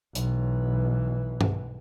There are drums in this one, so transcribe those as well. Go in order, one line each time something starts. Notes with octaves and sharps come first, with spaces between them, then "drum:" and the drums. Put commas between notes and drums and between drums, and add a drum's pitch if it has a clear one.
B1 E3, drum: hi-hat
drum: tom G2